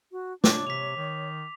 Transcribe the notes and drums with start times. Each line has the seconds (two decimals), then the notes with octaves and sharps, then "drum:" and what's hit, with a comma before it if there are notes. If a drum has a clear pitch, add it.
0.12 F#4
0.44 D4 C#5 D6, drum: snare
0.67 C3 B6 F7
0.97 D#3